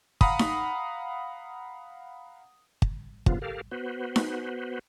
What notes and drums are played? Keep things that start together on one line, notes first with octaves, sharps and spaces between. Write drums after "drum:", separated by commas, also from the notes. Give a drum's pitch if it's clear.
F5 F#5 A#5 B5 D#6, drum: kick
drum: snare D#4
drum: kick
G2 A#2 C#3 F3 B3 F4, drum: kick
G4 A4 A#4 F5
B3 F#4 B4 C5
drum: snare D#4